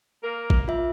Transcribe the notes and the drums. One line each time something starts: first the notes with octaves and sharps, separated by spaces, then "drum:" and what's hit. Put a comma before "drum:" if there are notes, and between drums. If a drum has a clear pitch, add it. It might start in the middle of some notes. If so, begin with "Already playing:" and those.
A#3 A#4
drum: kick A1
F4 E5